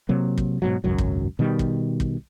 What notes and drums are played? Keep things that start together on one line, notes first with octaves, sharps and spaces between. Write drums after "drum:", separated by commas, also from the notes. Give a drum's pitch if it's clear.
C3 F#3 A#3
drum: kick
G#2 B2 F#3
G#1 C#2 F#2 F#3
drum: kick
B2 D#3 G3
drum: kick
drum: kick